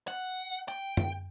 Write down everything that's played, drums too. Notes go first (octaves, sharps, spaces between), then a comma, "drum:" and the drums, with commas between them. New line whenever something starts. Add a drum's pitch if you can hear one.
F#5
G5
drum: tom F#2